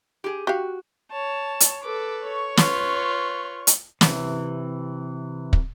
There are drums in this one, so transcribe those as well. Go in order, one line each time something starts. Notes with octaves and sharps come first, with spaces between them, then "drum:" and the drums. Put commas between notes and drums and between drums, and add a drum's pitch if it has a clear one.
G4 G#4
F#4 G4 F5
C#5 A5
drum: hi-hat
A4 B4 D6
C#5 C#6
F4 B4, drum: snare
drum: hi-hat
C3 E3, drum: snare
drum: kick